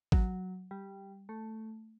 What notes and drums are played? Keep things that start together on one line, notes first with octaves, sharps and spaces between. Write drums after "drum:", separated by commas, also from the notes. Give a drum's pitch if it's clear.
F#3, drum: kick
G3
A3